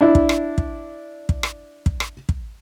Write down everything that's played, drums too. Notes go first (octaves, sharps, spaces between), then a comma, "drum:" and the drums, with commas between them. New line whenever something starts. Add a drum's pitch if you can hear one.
D4 E4
drum: kick
drum: rim click
drum: kick
drum: kick
drum: rim click
drum: kick
drum: rim click
drum: kick